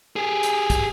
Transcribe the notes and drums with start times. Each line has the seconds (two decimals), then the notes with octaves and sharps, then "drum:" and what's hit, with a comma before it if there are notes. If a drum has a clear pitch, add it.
0.16 G4 G#4
0.43 drum: hi-hat
0.70 drum: kick, hi-hat